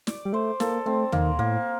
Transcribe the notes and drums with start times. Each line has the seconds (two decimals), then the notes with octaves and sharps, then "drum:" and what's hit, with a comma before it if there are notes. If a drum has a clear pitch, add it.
0.07 D5, drum: snare
0.25 G3
0.33 A3 C5
0.60 A#3 A4, drum: snare
0.86 A3 C4
1.12 D#3 A#3, drum: tom D#2
1.39 A2 A#3